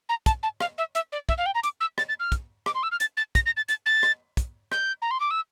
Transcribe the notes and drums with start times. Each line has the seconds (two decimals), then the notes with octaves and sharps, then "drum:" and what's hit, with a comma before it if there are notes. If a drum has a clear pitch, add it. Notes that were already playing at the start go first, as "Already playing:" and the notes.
0.09 A#5
0.26 A5, drum: kick, hi-hat
0.43 A5
0.61 F5, drum: rim click
0.78 E5
0.95 E5, drum: hi-hat
1.12 D5
1.29 E5, drum: kick
1.38 F5
1.46 G5
1.55 A#5
1.63 D6, drum: hi-hat
1.81 E6
1.98 A6, drum: rim click
2.09 A6
2.20 F6
2.32 drum: kick, hi-hat
2.66 D6, drum: rim click
2.75 C6
2.83 E6
2.92 F6
3.00 A6, drum: hi-hat
3.17 A6
3.35 A#6, drum: kick, hi-hat
3.46 A#6
3.57 A6
3.69 A6, drum: hi-hat
3.86 A6
4.03 drum: rim click
4.37 drum: kick, hi-hat
4.72 G6, drum: rim click
5.02 A#5
5.11 C6
5.20 D6
5.31 E6